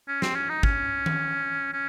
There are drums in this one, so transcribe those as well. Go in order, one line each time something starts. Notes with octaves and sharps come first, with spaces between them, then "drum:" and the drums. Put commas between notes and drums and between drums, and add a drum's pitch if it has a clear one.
C#4
C4, drum: snare
C#4
D#4
C#4, drum: kick
drum: tom D#3
C#4